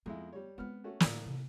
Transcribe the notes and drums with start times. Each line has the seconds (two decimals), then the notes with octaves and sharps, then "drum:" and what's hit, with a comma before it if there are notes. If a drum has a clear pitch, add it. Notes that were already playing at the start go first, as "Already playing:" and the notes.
0.06 F2 G#3 B3 E4
0.33 G3 C#5
0.58 G#3 B3 C4 F6
0.84 A3 C#4 F#4
1.00 A1 A2 D3 D5 E6, drum: snare
1.26 C3